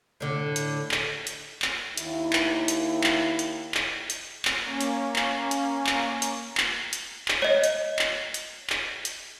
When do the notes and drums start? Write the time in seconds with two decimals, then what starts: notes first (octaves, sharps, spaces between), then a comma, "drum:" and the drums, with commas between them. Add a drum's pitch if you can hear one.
0.21 A2 D3
0.56 drum: hi-hat
0.91 drum: clap
1.27 drum: hi-hat
1.62 drum: clap
1.97 D#2 E4, drum: hi-hat
2.33 drum: clap
2.68 drum: hi-hat
3.04 drum: clap
3.39 drum: hi-hat
3.74 drum: clap
4.10 drum: hi-hat
4.45 drum: clap
4.64 A#3 C#4
4.81 drum: hi-hat
5.16 drum: clap
5.51 drum: hi-hat
5.87 drum: clap
6.22 drum: hi-hat
6.57 drum: clap
6.93 drum: hi-hat
7.28 drum: clap
7.42 C#5 D#5
7.64 drum: hi-hat
7.99 drum: clap
8.34 drum: hi-hat
8.70 drum: clap
9.05 drum: hi-hat